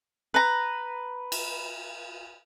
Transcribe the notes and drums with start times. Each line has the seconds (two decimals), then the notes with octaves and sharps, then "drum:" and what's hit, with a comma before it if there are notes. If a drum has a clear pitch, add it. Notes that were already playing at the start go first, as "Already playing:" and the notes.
0.34 B4 A#5
1.32 drum: cymbal